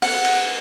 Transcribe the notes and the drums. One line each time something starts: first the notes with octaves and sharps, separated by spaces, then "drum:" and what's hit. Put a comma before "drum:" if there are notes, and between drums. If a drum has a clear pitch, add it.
F#5, drum: open hi-hat
drum: cymbal